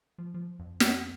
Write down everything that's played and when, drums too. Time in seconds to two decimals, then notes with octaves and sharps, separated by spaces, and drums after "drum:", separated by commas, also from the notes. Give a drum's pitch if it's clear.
0.18 F3
0.34 F3
0.59 F2
0.80 drum: snare